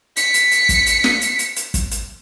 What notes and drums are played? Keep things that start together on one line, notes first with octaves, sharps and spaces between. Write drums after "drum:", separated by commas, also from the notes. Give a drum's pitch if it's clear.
B6 C#7, drum: hi-hat
drum: hi-hat
drum: hi-hat
drum: kick, hi-hat
drum: hi-hat
drum: snare
drum: hi-hat
drum: hi-hat
drum: hi-hat
drum: kick, hi-hat
drum: hi-hat